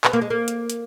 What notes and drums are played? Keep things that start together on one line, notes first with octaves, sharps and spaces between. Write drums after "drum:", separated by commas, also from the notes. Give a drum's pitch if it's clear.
B3, drum: clap
A#3
G#3
A#3
drum: hi-hat
drum: hi-hat